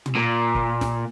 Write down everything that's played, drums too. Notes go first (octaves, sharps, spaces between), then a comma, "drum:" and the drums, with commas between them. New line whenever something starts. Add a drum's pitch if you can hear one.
drum: tom
A#2
drum: kick
drum: snare